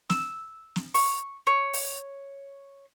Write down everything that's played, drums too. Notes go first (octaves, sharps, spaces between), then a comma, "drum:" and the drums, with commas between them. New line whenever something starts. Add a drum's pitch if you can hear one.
E6, drum: snare
drum: snare
C#6, drum: open hi-hat
C#5
drum: open hi-hat